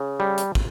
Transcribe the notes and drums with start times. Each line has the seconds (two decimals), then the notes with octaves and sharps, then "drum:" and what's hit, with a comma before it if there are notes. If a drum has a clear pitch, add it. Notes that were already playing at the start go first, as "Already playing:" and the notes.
Already playing: C#3
0.20 G3
0.38 drum: hi-hat
0.55 drum: kick